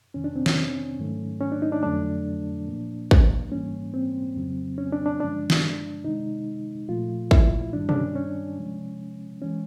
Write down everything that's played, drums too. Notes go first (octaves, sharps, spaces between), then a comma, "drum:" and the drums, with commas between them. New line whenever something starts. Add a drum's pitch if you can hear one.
F2 C3 D#3 C#4
D4
C4
C#4, drum: snare
G#2 D#3 F#3 A3
C#4
D4
D#4
D4
F2 D3 F#3 A3 D4
A#2 F3 A#3
drum: kick
G#2 E3 G3 A#3 C#4
C4
F2 C#3 F#3
C#4
D4
D4
G2 D3 F3 G#3 D4
drum: snare
C3 D#3 G#3 D#4
A#2 F3 A3 F4
E4, drum: kick
G2 D#3 G3 D4
D4, drum: tom B2
C#4
C#4
C3 F3 G#3
E3 G#3 C#4